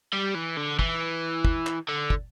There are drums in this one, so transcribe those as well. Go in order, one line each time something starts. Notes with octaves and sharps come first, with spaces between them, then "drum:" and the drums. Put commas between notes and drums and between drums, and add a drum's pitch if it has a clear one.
G3
E3
D3
E3, drum: kick
drum: kick
drum: clap
D3
drum: kick